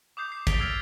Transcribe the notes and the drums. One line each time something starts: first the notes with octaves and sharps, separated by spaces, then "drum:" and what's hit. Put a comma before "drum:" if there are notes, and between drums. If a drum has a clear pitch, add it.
D6 D#6 G6 C7
C7
A6 B6 D7 F7 G7, drum: kick, hi-hat
E6 F6 G#6 A6 C7